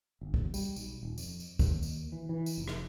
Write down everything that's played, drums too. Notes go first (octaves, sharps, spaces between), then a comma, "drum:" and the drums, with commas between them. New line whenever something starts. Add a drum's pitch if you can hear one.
G1
drum: kick
G3, drum: tambourine
B1, drum: tambourine
D#1
F2, drum: tambourine
drum: tambourine
D#2, drum: kick, tambourine
drum: tambourine
E3
E3
drum: tambourine
F1
drum: rim click